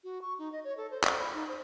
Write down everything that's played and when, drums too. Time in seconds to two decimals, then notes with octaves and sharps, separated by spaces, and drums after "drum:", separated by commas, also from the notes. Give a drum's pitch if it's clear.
0.04 F#4
0.22 C#6
0.39 D#4
0.52 D#5
0.64 C#5
0.77 A4
0.91 C5
1.04 D5, drum: clap
1.19 B5
1.34 D#4
1.48 C5